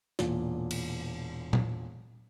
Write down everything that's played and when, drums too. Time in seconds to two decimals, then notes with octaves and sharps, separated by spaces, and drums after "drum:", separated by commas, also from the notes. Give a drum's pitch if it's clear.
0.19 E1 A#2, drum: snare
0.71 drum: cymbal
1.53 drum: tom A#2